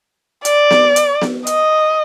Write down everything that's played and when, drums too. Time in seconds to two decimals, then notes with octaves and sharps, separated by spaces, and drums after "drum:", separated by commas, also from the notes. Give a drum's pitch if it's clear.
0.45 D5, drum: hi-hat
0.71 drum: snare B3
0.96 drum: hi-hat
1.21 drum: snare B3
1.47 D#5, drum: hi-hat